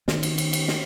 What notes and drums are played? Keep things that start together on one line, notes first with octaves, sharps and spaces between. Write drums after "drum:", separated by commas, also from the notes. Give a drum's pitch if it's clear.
D#3 B3, drum: snare
drum: cymbal
drum: cymbal
drum: cymbal
drum: snare